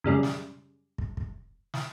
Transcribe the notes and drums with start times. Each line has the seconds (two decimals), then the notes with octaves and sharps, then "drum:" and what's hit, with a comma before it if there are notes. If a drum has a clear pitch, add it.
0.04 F#2 C#3 G3 G#3
0.23 drum: snare
0.98 drum: kick
1.17 drum: kick
1.74 drum: snare